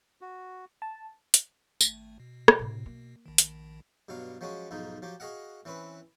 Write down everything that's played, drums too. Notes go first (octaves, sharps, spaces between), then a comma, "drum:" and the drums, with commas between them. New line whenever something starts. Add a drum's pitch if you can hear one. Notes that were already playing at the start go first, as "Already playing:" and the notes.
F#4
A5
drum: hi-hat
G#1 A3, drum: tambourine
B2
drum: rim click
A2 C3
A#3
A#1 D#3
drum: hi-hat
G2 B2 F#3 F5
F3 F#3 G#3 C#4 F#4
B1 G#2 F3 D#4
F3 F#3 G4
F#4 G#4 D#5 F5 F#5
E3 C4 C#4 B4